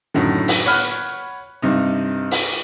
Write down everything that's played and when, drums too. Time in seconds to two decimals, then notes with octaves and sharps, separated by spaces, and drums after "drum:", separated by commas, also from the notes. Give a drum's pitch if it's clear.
0.14 F#2 A2 D3 D#3
0.48 drum: open hi-hat
0.65 C#5 F#5 B5 F6 F#6
1.62 G2 C3 D#4
2.31 drum: open hi-hat